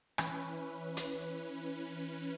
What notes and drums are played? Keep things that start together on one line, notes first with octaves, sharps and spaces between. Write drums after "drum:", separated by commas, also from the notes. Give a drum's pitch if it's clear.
E3 C#4 B4, drum: rim click
drum: hi-hat